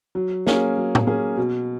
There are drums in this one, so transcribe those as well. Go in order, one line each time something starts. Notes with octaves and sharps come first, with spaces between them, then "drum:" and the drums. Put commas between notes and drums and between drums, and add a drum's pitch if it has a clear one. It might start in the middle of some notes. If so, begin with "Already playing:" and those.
F#3
A#3 C#4 G#4, drum: snare
F#3
drum: tom A2
A#3 C#4 G#4
B2